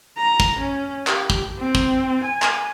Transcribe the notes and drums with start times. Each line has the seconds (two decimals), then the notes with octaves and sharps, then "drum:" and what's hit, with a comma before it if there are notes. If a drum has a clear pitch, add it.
0.17 A#5
0.40 drum: kick
0.59 C#4
1.07 G4, drum: clap
1.30 drum: kick
1.58 C4
1.75 drum: kick
2.24 G#5
2.42 drum: clap